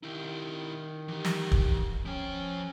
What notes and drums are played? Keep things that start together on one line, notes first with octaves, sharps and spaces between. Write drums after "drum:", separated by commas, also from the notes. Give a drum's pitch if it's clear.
D#3 E4 G4
E3 G4
drum: snare
drum: kick
F3 C#4 G5